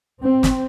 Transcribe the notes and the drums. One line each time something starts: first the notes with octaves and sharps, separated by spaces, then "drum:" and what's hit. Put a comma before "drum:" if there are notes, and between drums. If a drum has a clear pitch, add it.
C4
drum: snare